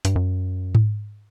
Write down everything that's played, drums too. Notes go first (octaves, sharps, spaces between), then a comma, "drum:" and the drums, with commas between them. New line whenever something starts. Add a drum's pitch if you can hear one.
G2, drum: hi-hat
F#2
drum: tom G#2